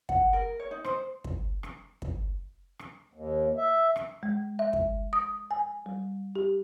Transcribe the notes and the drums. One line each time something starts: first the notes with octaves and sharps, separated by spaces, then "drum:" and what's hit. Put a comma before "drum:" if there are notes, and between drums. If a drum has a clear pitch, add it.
F#5, drum: kick
A#4
C#5
D#4
C5, drum: rim click
drum: kick
drum: rim click
drum: kick
drum: rim click
D#2
E5
drum: rim click
G#3
E5
drum: kick
D#6
G#5
G3
G4